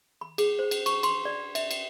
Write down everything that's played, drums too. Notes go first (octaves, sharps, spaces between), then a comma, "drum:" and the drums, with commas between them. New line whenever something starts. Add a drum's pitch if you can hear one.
B5
G#4, drum: cymbal
C5
drum: cymbal
C#6, drum: cymbal
C6, drum: cymbal
D5
E5, drum: cymbal
drum: cymbal